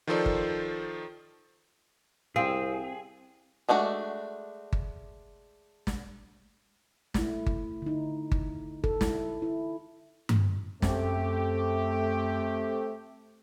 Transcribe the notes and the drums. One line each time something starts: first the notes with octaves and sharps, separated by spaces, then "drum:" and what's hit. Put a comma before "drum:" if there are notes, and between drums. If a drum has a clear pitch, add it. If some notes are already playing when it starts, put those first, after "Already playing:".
D#3 F3 F4 A4 C5 D5
drum: kick G1
C2 C4 G#4 F5
G#3 A3 D4 F#4
drum: kick G1
drum: snare
A3 E4, drum: snare
drum: kick G1
D3 D#4
drum: kick G1
A4, drum: kick G1
E4, drum: snare
E4
drum: tom G2
F#2 A3 C4 G4, drum: snare